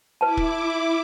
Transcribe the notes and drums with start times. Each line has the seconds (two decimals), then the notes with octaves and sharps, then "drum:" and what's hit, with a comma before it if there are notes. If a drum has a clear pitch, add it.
0.21 E4 B4 A5 D6
0.37 drum: kick